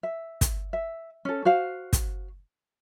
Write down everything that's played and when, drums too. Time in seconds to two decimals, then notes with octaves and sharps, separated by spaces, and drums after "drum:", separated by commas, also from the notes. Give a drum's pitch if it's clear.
0.03 E5
0.41 drum: kick, hi-hat
0.73 E5
1.25 C#4 A4
1.45 F#4 C5 F5
1.93 drum: kick, hi-hat